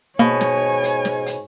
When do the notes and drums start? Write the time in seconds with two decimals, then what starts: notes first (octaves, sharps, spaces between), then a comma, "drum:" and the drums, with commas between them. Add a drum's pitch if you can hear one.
0.19 G#2 B2 A#3 C#5 G#5
0.41 drum: snare
0.83 drum: hi-hat
1.05 drum: snare
1.26 drum: hi-hat